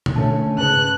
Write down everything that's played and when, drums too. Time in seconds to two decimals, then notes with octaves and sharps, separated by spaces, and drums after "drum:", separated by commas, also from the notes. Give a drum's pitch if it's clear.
0.06 drum: tom A#2
0.16 D3 A3 C#4 A5
0.58 G#2 C#3 B4 A5 F#6